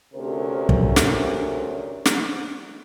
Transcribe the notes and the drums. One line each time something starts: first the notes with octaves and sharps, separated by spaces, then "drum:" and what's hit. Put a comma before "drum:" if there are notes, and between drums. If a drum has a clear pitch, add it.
D2 C3 C#4 A#4 C5
drum: kick
drum: snare
drum: snare